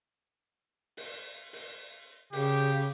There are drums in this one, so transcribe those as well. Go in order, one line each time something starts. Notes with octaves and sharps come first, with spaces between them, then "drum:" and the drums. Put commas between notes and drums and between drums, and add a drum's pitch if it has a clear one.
drum: open hi-hat
drum: open hi-hat
C#3 G4, drum: open hi-hat